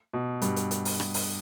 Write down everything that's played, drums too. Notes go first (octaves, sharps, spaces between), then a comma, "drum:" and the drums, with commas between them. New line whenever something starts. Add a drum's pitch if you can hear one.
B2
G2, drum: hi-hat
drum: hi-hat
drum: hi-hat
drum: open hi-hat
drum: rim click
drum: open hi-hat